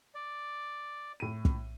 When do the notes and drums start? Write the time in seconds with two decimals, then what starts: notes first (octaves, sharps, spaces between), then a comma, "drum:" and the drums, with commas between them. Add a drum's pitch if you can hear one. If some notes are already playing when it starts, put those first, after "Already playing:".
0.15 D5
1.20 A2 D#7
1.45 drum: kick